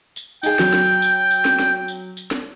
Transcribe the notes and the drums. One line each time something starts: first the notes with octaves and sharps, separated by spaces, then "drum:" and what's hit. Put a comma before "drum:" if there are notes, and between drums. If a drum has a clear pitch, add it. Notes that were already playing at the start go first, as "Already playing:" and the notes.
drum: tambourine
D#4 G#4 G5, drum: tambourine
F#3, drum: snare
drum: snare
drum: tambourine
drum: tambourine
drum: snare
drum: snare
drum: tambourine
drum: tambourine
drum: snare